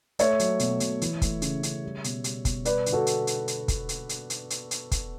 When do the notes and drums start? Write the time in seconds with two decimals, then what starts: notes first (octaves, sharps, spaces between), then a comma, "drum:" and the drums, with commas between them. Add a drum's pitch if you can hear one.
0.19 A3 C#5 E5, drum: hi-hat
0.39 F#3, drum: hi-hat
0.59 B2, drum: hi-hat
0.80 B2, drum: hi-hat
1.02 E3, drum: hi-hat
1.22 A3, drum: kick, hi-hat
1.42 C#3, drum: hi-hat
1.63 C#3, drum: hi-hat
1.83 G3
2.04 B2, drum: hi-hat
2.24 G3, drum: hi-hat
2.45 B2, drum: kick, hi-hat
2.65 G3 B4 D5, drum: hi-hat
2.86 D3, drum: hi-hat
2.92 F#4 A4
3.07 drum: hi-hat
3.27 drum: hi-hat
3.48 drum: hi-hat
3.68 drum: kick, hi-hat
3.89 drum: hi-hat
4.09 drum: hi-hat
4.30 drum: hi-hat
4.50 drum: hi-hat
4.71 drum: hi-hat
4.91 drum: kick, hi-hat